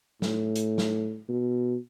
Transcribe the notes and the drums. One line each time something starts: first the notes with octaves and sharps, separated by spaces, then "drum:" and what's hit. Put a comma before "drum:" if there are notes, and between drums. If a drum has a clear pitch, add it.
A2, drum: snare
drum: hi-hat
drum: snare
B2